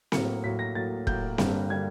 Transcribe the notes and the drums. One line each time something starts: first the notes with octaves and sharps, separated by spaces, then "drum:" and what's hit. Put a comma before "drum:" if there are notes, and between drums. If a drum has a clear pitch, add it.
A2 F#3 A#3 C#7, drum: snare C4
A2 F#3 A#3 B6
A#6
A2 F#3 A#3 A6
A2 F#3 A#3 G6, drum: kick E1
G2 D3 G3 A#3, drum: snare C4
D3 G3 A#3 G#6